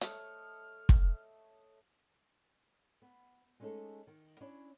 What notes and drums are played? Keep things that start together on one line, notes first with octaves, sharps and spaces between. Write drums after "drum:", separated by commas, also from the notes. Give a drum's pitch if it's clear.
A3 C#5 D#5 F6, drum: hi-hat
drum: kick
B3
G#3 A3 C#4 D#4 G#4 A4
D#3
C#4 D4 E4 C#5